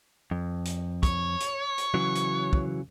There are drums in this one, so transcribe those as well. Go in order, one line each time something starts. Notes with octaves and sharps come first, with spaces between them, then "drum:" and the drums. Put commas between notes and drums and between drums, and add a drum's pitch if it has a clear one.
F2
drum: hi-hat
C#5, drum: kick, hi-hat
drum: hi-hat
drum: hi-hat
C#3 E3 F#3
drum: hi-hat
drum: kick